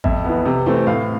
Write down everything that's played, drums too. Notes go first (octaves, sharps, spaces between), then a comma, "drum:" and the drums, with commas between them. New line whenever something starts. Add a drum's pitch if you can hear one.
F2 E5, drum: kick A1
E3 B3
C3
E3 A3 C4
A2 F5